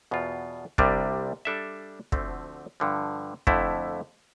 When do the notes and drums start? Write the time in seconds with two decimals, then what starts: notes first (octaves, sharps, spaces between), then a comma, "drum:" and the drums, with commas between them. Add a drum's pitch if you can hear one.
0.11 E2 B2 B3 F4 C5
0.78 C2 C3 G3 D4, drum: kick
1.45 G3 D4 A4 E5
2.12 D2 D3 F3 A3 C4, drum: kick
2.80 G2 D3 F3
3.47 F2 D3 A3 E4, drum: kick